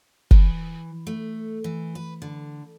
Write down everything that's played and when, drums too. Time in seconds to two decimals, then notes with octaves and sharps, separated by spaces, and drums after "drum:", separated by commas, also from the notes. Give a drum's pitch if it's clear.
0.31 E3, drum: kick
1.07 A3
1.64 E3
1.95 B4
2.22 D3